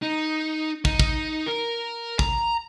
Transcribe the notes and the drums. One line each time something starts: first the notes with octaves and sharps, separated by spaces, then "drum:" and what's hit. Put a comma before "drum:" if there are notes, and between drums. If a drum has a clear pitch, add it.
D#4
D#4, drum: kick
drum: kick
A#4
A#5, drum: kick